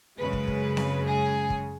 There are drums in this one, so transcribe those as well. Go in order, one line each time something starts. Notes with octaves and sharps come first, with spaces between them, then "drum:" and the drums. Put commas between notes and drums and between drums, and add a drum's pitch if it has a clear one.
F#2 C#3 G#3 B4
drum: kick
drum: kick
drum: snare C4
G#4
drum: kick